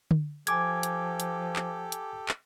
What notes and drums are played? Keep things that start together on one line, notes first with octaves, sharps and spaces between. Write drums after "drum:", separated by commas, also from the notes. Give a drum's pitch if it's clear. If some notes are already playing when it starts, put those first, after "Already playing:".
drum: tom D3
F3 G4 A4 G#5 D6 G#6, drum: hi-hat
drum: hi-hat
drum: hi-hat
drum: clap
drum: hi-hat
drum: clap